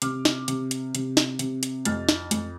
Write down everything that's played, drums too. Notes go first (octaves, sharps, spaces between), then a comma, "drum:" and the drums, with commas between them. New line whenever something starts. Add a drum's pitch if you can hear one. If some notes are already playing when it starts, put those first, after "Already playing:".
C3 D6 F6, drum: hi-hat
drum: snare
C3, drum: hi-hat
drum: hi-hat
C3, drum: hi-hat
drum: snare
C3, drum: hi-hat
drum: hi-hat
F2 F6 A6, drum: hi-hat
drum: snare
F2, drum: hi-hat